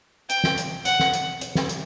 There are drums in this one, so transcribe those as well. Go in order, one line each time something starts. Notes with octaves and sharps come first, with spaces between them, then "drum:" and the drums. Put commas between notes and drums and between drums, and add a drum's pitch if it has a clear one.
G5, drum: hi-hat
drum: snare
drum: hi-hat
F#5, drum: hi-hat
drum: snare
drum: hi-hat
drum: hi-hat
drum: snare
drum: hi-hat